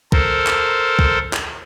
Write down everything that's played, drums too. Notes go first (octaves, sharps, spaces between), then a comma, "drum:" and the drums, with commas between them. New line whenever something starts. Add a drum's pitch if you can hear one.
A4 A#4 C5, drum: kick
drum: clap
drum: kick
drum: clap